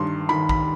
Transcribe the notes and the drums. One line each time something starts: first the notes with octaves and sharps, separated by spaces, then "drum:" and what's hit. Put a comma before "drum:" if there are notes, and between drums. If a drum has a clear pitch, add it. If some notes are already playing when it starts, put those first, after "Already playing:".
Already playing: G2 D#3 C6
D#3 B5
B5, drum: kick A1